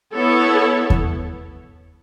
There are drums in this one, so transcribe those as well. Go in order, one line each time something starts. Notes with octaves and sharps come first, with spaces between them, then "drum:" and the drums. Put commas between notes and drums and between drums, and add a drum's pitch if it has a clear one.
B3 E4 A4 C#5
drum: kick E2